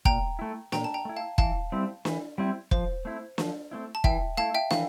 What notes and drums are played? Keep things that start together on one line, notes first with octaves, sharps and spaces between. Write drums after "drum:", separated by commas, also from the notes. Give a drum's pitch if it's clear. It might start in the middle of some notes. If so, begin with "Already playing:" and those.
A#2 G5 A#5, drum: kick
A3 E4
A#2 G5 A#5, drum: snare
A5
G5 A#5
A3 E4
F5 A5
E3 F5 A5, drum: kick
G3 C4 E4
E3, drum: snare
G3 C4 E4
F3 C5, drum: kick
A3 C4 E4
F3, drum: snare
A3 C4 E4
A5
E3 E5 G5, drum: kick
A3 E4 F5 A5
E5 G5
E3 F5, drum: snare